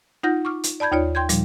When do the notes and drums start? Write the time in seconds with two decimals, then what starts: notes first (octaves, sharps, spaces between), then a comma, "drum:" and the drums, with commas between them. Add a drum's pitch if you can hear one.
0.23 D#4 F4 F#5 G6 A#6
0.45 C#6 D6 F6
0.64 drum: hi-hat
0.80 D5 A5 B5 G6 G#6
0.91 D#2 D#4 F4 C#5 D5
1.15 G5 C6 G6 G#6
1.29 A#2 F3 G3, drum: hi-hat